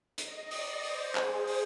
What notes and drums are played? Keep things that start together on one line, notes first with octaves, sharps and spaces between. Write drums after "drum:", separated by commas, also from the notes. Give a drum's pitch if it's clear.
D#5, drum: hi-hat
D5, drum: open hi-hat
C5, drum: open hi-hat
G#4, drum: clap
drum: open hi-hat